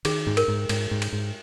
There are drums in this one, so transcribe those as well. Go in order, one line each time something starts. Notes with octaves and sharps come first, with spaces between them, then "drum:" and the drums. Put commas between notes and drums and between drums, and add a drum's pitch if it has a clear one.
D#3 G#4, drum: cymbal
G#2
A#4, drum: cymbal
G#2
G#2, drum: cymbal
G#2
drum: cymbal
G#2